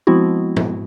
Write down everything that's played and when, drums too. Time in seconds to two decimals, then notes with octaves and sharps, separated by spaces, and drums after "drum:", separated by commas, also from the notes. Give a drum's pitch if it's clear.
0.07 F3 G#3 B3 C4 E4 F#4
0.56 drum: tom G#2